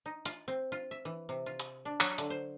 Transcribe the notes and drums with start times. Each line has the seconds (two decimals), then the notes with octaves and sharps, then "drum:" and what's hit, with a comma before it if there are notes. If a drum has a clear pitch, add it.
0.06 D#4
0.25 F4, drum: hi-hat
0.48 C4
0.72 F4
0.91 E5
1.05 E3
1.29 C3
1.46 F4
1.60 drum: hi-hat
1.85 D4
2.00 F#3, drum: clap
2.18 D3, drum: hi-hat
2.30 C5